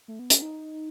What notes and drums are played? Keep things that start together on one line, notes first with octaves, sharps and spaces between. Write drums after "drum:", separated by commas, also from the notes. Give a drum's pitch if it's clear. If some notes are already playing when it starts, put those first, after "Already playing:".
A3
B3
C#4, drum: hi-hat
D#4